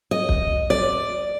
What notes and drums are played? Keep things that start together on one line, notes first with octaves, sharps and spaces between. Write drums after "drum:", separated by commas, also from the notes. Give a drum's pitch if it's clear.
D#5
drum: kick
D5